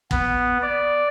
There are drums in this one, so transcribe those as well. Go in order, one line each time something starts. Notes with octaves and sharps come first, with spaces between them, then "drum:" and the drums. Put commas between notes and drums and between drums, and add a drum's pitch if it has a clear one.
B3, drum: kick
D5